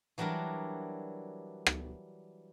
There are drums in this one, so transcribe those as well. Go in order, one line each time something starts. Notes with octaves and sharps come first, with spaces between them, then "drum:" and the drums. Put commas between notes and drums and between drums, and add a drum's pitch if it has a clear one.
E3 F#3 G3 D4 A#4
drum: rim click